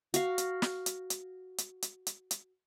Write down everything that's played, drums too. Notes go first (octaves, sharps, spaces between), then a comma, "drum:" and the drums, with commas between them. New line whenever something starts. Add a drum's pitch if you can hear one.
F#4 F5, drum: hi-hat
drum: hi-hat
drum: snare
drum: hi-hat
drum: hi-hat
drum: hi-hat
drum: hi-hat
drum: hi-hat
drum: hi-hat